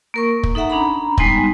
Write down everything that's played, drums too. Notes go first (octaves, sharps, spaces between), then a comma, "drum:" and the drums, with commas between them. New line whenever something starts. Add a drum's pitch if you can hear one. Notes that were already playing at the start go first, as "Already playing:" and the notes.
A#3 A#4 C#6
drum: kick
D#4 A4 E5 F#5 A#5
C#4 D4 A#5 B5
G3 G#3 B3 D#4 G#5 C6, drum: kick